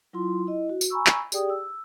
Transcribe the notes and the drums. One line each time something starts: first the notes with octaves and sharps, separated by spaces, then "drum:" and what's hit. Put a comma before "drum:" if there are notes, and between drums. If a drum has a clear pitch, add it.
F#3 E4 F4 C6
E4 D#5
F#4
drum: tambourine
G#5 A#5 B5 C#6 E6
drum: clap
G4 G#4 D5 G5 D#6, drum: tambourine
E6